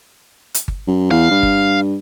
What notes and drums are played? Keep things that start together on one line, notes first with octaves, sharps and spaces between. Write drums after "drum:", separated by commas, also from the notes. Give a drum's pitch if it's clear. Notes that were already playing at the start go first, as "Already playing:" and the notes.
drum: hi-hat
drum: kick G1
F#2
E2 F5
G2
drum: kick G1